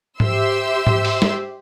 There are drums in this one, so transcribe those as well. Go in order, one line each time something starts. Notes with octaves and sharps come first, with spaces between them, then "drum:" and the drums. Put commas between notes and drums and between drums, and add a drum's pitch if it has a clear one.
G4 C5 E5 C6 E6, drum: tom G#2
drum: tom G#2
drum: open hi-hat
drum: snare